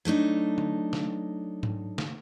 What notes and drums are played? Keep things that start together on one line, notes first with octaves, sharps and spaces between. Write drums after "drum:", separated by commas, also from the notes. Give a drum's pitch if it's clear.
F#3 A3 D4 D#4
drum: tom
drum: snare
drum: tom G#2
drum: snare